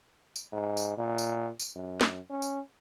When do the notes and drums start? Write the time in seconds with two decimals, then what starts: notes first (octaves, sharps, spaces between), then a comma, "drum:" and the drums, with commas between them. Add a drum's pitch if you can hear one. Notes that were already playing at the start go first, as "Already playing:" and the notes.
0.36 drum: tambourine
0.52 G#2
0.77 drum: tambourine
0.98 A#2
1.18 drum: tambourine
1.60 drum: tambourine
1.76 F#2
2.01 drum: snare
2.30 C#4
2.42 drum: tambourine